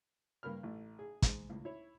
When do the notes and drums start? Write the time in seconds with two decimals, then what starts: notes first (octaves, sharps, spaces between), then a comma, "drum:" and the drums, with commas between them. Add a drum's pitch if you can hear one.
0.43 G2 A#3 A#4 B5 F6
0.63 A1 A3
0.99 G#4
1.22 G#2 G#3, drum: kick, hi-hat
1.49 C#2 A2
1.65 E4 C#5